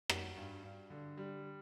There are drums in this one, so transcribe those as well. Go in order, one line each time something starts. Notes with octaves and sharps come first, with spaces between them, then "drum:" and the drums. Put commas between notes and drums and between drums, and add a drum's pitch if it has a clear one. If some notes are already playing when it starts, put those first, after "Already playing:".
G3 F#4, drum: rim click
G2
G2
D3
G3